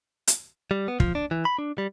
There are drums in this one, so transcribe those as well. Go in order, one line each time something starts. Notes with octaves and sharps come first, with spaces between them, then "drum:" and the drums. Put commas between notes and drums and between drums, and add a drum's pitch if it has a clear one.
drum: hi-hat
G3
B3
F3, drum: kick
D4
E3
B5
D4
G3